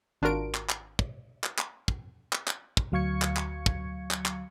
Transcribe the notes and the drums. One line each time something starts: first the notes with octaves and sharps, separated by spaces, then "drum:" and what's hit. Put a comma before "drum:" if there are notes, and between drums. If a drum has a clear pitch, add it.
G#1 D4 F4 F#4 A#4 D7
drum: clap
drum: clap
drum: kick
drum: clap
drum: clap
drum: kick
drum: clap
drum: clap
drum: kick
D2 F#3 F5 C#6 G#6 C#7
drum: clap
drum: clap
drum: kick
drum: clap
drum: clap